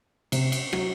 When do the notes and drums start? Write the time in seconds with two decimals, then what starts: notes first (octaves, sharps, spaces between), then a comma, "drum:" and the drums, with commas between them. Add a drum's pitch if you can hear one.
0.32 C3, drum: cymbal
0.52 drum: cymbal
0.73 F#3, drum: rim click